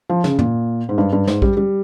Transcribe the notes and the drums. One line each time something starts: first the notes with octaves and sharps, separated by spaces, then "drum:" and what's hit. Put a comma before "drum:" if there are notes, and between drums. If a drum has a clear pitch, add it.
F3
C#3, drum: snare
A#2, drum: tom
G#2
G2
G2
G#2, drum: snare
G3, drum: kick A#1
G3